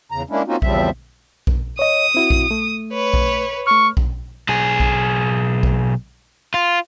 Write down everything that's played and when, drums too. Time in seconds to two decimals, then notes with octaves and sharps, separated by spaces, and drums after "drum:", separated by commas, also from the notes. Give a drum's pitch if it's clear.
0.12 E2 C#3 A#5
0.30 G#3 A#3 C#4 D4 E4
0.47 A#3 C4 C#4 D#4 F4 F#4
0.62 E2 C#3 F3 G3 C4 E5, drum: kick A#1
1.47 drum: kick A#1
1.79 C#5 D#5 D#6
2.15 C4 E4 F#4
2.30 drum: kick A#1
2.51 A3
2.93 B4 C#5
3.14 drum: kick A#1
3.67 A3 C#6 F6
3.97 drum: kick A#1
4.49 B1 G#4
4.80 drum: kick A#1
5.63 drum: kick A#1
6.54 F4